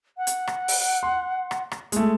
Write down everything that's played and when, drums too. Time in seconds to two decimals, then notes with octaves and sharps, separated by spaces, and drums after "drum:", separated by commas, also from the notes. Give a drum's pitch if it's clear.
0.18 F#5
0.27 drum: hi-hat
0.47 drum: rim click
0.68 drum: open hi-hat
1.03 C6
1.51 drum: rim click
1.72 drum: rim click
1.92 G#3 A3, drum: hi-hat